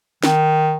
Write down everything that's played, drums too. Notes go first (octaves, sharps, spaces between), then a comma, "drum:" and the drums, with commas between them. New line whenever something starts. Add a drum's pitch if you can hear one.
D#3, drum: snare